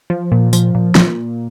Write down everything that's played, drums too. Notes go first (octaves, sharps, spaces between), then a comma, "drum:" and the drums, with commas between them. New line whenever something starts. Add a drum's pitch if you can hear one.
F3
A#2
F3, drum: tambourine
A#2
A#2, drum: snare